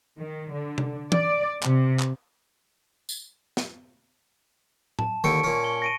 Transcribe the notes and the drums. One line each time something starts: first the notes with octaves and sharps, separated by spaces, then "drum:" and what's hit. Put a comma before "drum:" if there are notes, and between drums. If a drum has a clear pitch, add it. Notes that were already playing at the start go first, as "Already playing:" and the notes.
D#3
D3
drum: tom C3
D5, drum: tom
C3, drum: clap
drum: clap
drum: tambourine
drum: snare
A5, drum: tom A2
D#2 D3 G5 C#6 C#7 D7
A#2 C#4
G7
A#6 D7 D#7